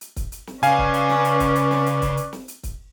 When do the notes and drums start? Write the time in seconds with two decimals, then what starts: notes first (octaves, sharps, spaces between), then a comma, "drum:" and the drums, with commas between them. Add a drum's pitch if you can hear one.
0.01 drum: hi-hat
0.16 drum: kick C#1, hi-hat
0.32 drum: hi-hat
0.47 drum: snare
0.63 C#3 C#4 B4 D5 F5 G#5, drum: hi-hat
0.78 drum: kick C#1
0.94 drum: hi-hat
1.09 drum: snare
1.25 drum: hi-hat
1.40 drum: kick C#1, hi-hat
1.55 drum: hi-hat
1.71 drum: snare
1.86 drum: hi-hat
2.02 drum: kick C#1, hi-hat
2.17 drum: hi-hat
2.33 drum: snare
2.48 drum: hi-hat
2.63 drum: kick C#1, hi-hat